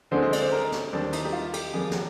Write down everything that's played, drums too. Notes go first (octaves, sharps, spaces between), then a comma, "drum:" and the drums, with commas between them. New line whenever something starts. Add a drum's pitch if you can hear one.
D2 D3 G#3 C4 C5
D#5
D5, drum: cymbal
C5
A#4
drum: snare
D#2 D#3 G3 C4 D4
D#4, drum: cymbal
G4
F4
G4, drum: cymbal
F2 D#3 G3 G#4
G4, drum: snare